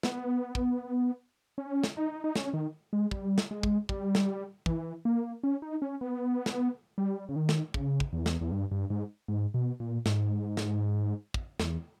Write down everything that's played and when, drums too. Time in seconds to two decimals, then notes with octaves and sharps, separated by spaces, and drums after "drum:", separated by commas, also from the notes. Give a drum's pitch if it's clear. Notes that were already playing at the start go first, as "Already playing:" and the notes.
0.03 B3, drum: snare
0.55 drum: kick
1.58 C#4
1.84 drum: snare
1.97 D#4
2.24 D#4
2.36 C#4, drum: snare
2.54 D#3
2.93 G#3
3.11 G3, drum: kick
3.38 drum: snare
3.51 G#3
3.63 drum: kick
3.89 G3, drum: kick
4.15 drum: snare
4.66 E3, drum: kick
5.05 A#3
5.44 C#4
5.62 D#4
5.82 C#4
6.01 B3
6.46 drum: snare
6.98 G3
7.29 C#3
7.36 D#3
7.49 drum: snare
7.74 C#3, drum: kick
8.00 drum: kick
8.13 E2
8.26 drum: snare
8.41 E2
8.52 G2
8.72 G2
8.90 G#2
9.28 G#2
9.54 B2
9.80 A#2
10.06 G#2, drum: snare
10.57 drum: snare
11.34 drum: kick
11.60 E2, drum: snare